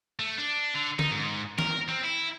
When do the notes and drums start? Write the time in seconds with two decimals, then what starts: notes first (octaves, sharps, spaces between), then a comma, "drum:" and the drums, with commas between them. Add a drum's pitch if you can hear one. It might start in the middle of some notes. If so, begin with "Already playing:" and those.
0.19 A3
0.38 D4
0.74 D3
0.99 D#4, drum: tom D3
1.12 G#2
1.58 A#4, drum: snare
1.89 C4
2.05 E4